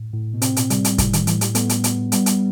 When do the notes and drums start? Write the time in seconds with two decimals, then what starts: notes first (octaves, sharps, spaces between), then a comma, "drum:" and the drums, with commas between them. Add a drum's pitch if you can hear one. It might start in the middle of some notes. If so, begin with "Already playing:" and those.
Already playing: A2
0.14 A2
0.33 B2
0.42 C3 C4, drum: hi-hat
0.56 B2, drum: hi-hat
0.70 C3 G3, drum: hi-hat
0.84 drum: hi-hat
0.98 A2 C3, drum: kick, hi-hat
1.13 D#3, drum: hi-hat
1.27 A2 E3, drum: hi-hat
1.41 G3, drum: hi-hat
1.55 A3 B3, drum: hi-hat
1.69 drum: hi-hat
1.84 B3, drum: hi-hat
2.12 G3 B3, drum: hi-hat
2.26 drum: hi-hat